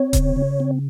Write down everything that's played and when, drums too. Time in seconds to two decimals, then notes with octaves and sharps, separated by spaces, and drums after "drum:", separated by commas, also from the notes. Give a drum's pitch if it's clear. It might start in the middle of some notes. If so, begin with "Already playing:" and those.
Already playing: C4 C#5
0.13 C#3, drum: kick D#1, hi-hat
0.36 C#3
0.60 C4